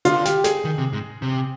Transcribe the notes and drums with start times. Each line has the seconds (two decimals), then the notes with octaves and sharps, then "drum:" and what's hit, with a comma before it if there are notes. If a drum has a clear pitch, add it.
0.05 D3 F4, drum: hi-hat
0.25 G4, drum: snare
0.44 G#4, drum: snare
0.65 D#3
0.78 C3
0.93 G#2
1.22 C3